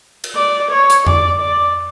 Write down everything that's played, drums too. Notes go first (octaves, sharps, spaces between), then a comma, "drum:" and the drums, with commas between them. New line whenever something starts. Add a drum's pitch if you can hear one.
drum: cymbal
D5
C#5
drum: hi-hat
D5, drum: tom F2
D5